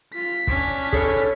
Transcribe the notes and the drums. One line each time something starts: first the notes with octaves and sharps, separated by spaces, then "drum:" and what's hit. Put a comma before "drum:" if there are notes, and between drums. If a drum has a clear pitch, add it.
F4 B6
C#4 D4, drum: kick
G#4 A4 C#5, drum: kick